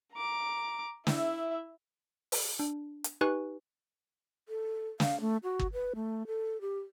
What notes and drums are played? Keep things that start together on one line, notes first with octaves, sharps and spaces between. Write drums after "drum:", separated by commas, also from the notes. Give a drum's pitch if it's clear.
A#5 D6
E4 E5, drum: snare
drum: open hi-hat
D4
drum: hi-hat
D#4 G4 B4 G#5 C#6 F#6
A4
F5, drum: snare
A3
F#4
drum: kick
B4
A3
A4
G4